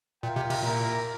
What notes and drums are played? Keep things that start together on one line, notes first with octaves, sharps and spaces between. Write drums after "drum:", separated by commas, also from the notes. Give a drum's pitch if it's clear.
A#2 F4 A#4 E5 G5
C3
C3, drum: cymbal
A#2 A#3 E4 A#4